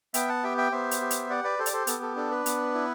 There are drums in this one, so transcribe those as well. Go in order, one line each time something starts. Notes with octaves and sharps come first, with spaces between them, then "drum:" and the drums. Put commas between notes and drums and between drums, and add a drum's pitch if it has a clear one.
B3 E5 G5, drum: hi-hat
F#5 A5
G4 E5 G5
E5 G5
B3 C5 E5
drum: hi-hat
G4
drum: hi-hat
G4 D5 F#5
B4 D5
G4 A4 C5
D5, drum: hi-hat
A4 C5
B3 A4, drum: hi-hat
A4
D4 A4
B4
B3, drum: hi-hat
E4